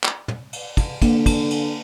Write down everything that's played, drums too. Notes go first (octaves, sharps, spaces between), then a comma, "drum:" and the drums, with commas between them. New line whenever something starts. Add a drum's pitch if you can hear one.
drum: clap
drum: tom
drum: cymbal
drum: kick, cymbal
D3 A#3, drum: kick, cymbal
drum: kick, cymbal
drum: cymbal